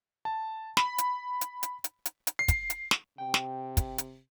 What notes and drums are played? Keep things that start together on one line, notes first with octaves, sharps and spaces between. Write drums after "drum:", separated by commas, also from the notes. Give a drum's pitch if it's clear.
A5
B5, drum: snare
drum: hi-hat
drum: hi-hat
drum: hi-hat
drum: hi-hat
drum: hi-hat
drum: hi-hat
C7
drum: kick, hi-hat
drum: hi-hat
drum: snare
C3 G5
drum: snare
drum: kick, hi-hat
drum: hi-hat